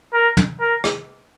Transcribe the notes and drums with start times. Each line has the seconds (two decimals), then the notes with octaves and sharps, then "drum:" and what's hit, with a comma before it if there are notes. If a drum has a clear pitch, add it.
0.14 A#4
0.37 drum: tom
0.61 A#4
0.84 drum: rim click